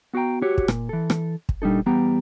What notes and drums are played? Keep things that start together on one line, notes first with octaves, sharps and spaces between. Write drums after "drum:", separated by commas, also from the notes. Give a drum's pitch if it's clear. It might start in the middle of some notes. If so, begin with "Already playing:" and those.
B3 F#4 F5 G5 A#5
F#4 G4 C#5
drum: kick
A#2, drum: rim click
E3 A4
drum: rim click
drum: kick
A#2 G3 D4 D#4 A4
E2 G3 B3 G5 A#5